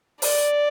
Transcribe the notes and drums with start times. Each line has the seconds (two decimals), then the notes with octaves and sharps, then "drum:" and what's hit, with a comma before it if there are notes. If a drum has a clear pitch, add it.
0.22 D5, drum: open hi-hat